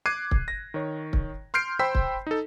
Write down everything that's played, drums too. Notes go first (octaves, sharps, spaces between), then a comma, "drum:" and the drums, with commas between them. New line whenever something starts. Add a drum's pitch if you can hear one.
D6 F#6 G#6 C7 D#7
drum: kick C#1
A#6
D#3 C#5
drum: kick C#1
C6 F6 G6 C7 D7
C5 G5 B5 C6 E6 B6
drum: kick C#1
D#4 A4